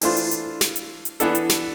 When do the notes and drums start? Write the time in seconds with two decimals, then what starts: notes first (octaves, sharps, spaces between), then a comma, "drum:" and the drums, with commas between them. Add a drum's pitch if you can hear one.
0.01 E3 A3 D4 F4 C5, drum: open hi-hat
0.17 drum: hi-hat
0.31 drum: hi-hat
0.61 drum: snare
0.76 drum: hi-hat
1.05 drum: hi-hat
1.20 E3 B3 D4 A4, drum: hi-hat
1.35 drum: hi-hat
1.49 drum: snare